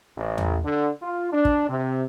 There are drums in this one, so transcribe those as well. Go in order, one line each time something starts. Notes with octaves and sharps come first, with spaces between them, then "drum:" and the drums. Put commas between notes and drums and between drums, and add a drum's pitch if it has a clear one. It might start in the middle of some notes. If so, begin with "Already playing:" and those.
A1
drum: tom E2
D3
F4
D4
drum: kick
C3